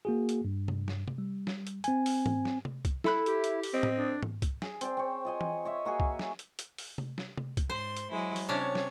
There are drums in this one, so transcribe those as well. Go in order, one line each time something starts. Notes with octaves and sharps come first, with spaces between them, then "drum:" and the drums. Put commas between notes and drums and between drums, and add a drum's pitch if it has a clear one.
A#3 F#4 G#4
drum: hi-hat
G2
drum: tom C3
drum: snare
drum: tom C3
G3
drum: snare
drum: hi-hat
C4 G#5, drum: hi-hat
drum: open hi-hat
drum: tom G#2
drum: snare
drum: tom C3
drum: kick C2, hi-hat
E4 A4 B5 F#6, drum: snare
G4, drum: hi-hat
drum: hi-hat
drum: open hi-hat
C4 D#5
drum: tom A2
D4
drum: tom G#2
drum: kick C2, hi-hat
G#4, drum: snare
C4 D5 G5, drum: hi-hat
C4 C#5
F4 D#5 G#5
drum: tom E3
C#5 D#5 E5
A#3 F#4 G#4 G#5
drum: kick C2
drum: snare
drum: hi-hat
drum: hi-hat
drum: open hi-hat
drum: tom C3
drum: snare
drum: tom C3
drum: kick C2, hi-hat
G#2 C5 C6
drum: hi-hat
F#3 G#3 E4
drum: open hi-hat
C3 C#4 D4 C#5
drum: snare